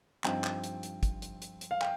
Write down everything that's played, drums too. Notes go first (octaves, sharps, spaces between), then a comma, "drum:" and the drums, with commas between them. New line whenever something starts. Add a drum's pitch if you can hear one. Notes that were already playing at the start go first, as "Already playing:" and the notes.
G2 F3 C4 D#4 G5, drum: clap
drum: clap
drum: hi-hat
drum: hi-hat
drum: kick, hi-hat
drum: hi-hat
drum: hi-hat
drum: hi-hat
F5
G5, drum: clap